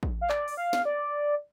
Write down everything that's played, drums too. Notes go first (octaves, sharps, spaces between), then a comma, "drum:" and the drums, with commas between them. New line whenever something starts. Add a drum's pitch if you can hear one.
drum: kick
F5
D5, drum: clap
drum: open hi-hat
F5
drum: snare
D5